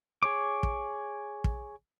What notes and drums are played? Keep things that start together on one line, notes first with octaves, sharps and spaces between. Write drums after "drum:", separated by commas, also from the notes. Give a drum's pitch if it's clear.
G#4 C#5 D6
drum: kick
drum: kick